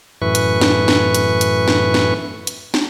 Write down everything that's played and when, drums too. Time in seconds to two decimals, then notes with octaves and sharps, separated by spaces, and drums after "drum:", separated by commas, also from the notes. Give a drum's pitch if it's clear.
0.22 F#2 A2 E3 B4 C#6
0.35 drum: hi-hat
0.61 drum: snare
0.88 drum: snare
1.15 drum: hi-hat
1.41 drum: hi-hat
1.68 drum: snare
1.94 drum: snare
2.47 drum: hi-hat
2.74 drum: snare